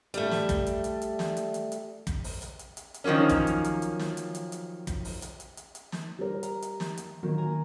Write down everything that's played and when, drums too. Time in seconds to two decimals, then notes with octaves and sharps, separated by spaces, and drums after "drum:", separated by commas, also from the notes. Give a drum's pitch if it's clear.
0.14 G3 A3, drum: hi-hat
0.31 drum: snare
0.49 drum: kick, hi-hat
0.66 drum: hi-hat
0.84 drum: hi-hat
1.02 drum: hi-hat
1.19 drum: snare
1.37 drum: hi-hat
1.54 drum: hi-hat
1.72 drum: hi-hat
2.07 drum: kick, hi-hat
2.24 drum: open hi-hat
2.42 drum: hi-hat
2.59 drum: hi-hat
2.77 drum: hi-hat
2.94 drum: hi-hat
3.04 D#3 F3 F#3 A#3 C#4
3.29 drum: kick, hi-hat
3.47 drum: hi-hat
3.64 drum: hi-hat
3.82 drum: hi-hat
4.00 drum: snare
4.17 drum: hi-hat
4.35 drum: hi-hat
4.52 drum: hi-hat
4.87 drum: kick, hi-hat
5.05 drum: open hi-hat
5.22 drum: hi-hat
5.40 drum: hi-hat
5.57 drum: hi-hat
5.75 drum: hi-hat
5.92 drum: snare
6.19 G3 A#4
6.43 A#5, drum: hi-hat
6.62 drum: hi-hat
6.80 drum: snare
6.97 drum: hi-hat
7.23 D#3 F#3 A#3
7.38 G#5 A#5